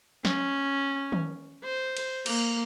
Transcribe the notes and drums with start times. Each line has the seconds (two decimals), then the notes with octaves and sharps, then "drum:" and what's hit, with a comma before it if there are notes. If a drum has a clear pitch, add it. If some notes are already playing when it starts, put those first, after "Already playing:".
0.25 C#4, drum: snare
1.12 drum: tom D#3
1.64 C5
1.97 drum: cymbal
2.26 A#3, drum: cymbal